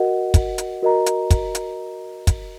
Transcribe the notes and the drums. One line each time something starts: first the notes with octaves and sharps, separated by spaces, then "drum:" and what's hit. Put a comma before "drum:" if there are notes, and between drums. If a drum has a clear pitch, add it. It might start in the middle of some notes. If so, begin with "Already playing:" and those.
Already playing: F#4 A#4 D#5 F#5
drum: kick, hi-hat
drum: hi-hat
F#4 A#4 D#5 A#5
drum: hi-hat
drum: kick, hi-hat
drum: hi-hat
drum: kick, hi-hat